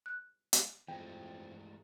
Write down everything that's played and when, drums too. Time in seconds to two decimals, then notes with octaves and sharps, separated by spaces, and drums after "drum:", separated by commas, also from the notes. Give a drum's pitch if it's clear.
0.06 F#6
0.53 drum: hi-hat
0.88 F2 E3 G#3 A3 G5